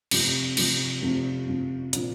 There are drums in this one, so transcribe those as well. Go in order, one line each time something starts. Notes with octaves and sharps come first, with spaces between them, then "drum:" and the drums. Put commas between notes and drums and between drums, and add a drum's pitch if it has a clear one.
F1 F2 C3 F3, drum: cymbal
F1 F2 C3 F3, drum: cymbal
F1 F2 C3 F3
F1 F2 C3 F3
A#2 F3 C4, drum: hi-hat